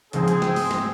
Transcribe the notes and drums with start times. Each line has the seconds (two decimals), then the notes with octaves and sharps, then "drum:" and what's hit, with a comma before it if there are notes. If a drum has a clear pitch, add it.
0.13 G#2 C#3 F3 G#3 C4 G#4, drum: hi-hat
0.28 drum: hi-hat
0.42 drum: snare
0.56 drum: open hi-hat
0.71 drum: snare